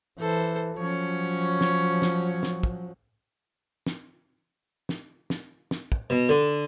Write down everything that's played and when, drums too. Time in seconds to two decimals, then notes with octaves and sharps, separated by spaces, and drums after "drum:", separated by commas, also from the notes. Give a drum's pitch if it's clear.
0.20 E3 A4 C5
0.79 F3 F#3 C#4 C#5
1.61 drum: snare
2.02 drum: snare
2.43 drum: snare
2.63 drum: kick
3.87 drum: snare
4.89 drum: snare
5.30 drum: snare
5.71 drum: snare
5.92 drum: kick
6.10 B2
6.29 D3